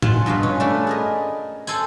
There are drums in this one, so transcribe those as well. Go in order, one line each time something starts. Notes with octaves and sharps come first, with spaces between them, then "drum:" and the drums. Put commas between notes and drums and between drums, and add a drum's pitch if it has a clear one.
F4 F#5 G#5 A5, drum: tom
G2 B2 B4 F5
C#4
A3 C#4 D4 B4 D5
G#4 A#4 D#5
A4 C5 G#5, drum: tambourine